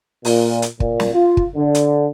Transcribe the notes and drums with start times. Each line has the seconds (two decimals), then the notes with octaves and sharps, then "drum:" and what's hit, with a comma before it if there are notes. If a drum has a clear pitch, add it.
0.25 A#2, drum: open hi-hat
0.62 drum: hi-hat
0.80 A#2, drum: kick
1.00 drum: snare
1.13 F4
1.37 drum: kick
1.56 D3
1.75 drum: hi-hat